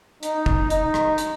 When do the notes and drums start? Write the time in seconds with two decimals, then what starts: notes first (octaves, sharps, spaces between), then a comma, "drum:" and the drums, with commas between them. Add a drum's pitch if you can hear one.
0.23 D#4, drum: hi-hat
0.46 drum: kick G1
0.70 D#4, drum: hi-hat
0.94 drum: rim click
1.18 drum: hi-hat